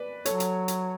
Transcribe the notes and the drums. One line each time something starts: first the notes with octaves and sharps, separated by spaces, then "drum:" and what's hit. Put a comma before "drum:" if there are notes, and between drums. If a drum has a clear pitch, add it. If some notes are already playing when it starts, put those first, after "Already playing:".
Already playing: B4 D5
F#3 A4 C#5, drum: hi-hat
drum: hi-hat
drum: hi-hat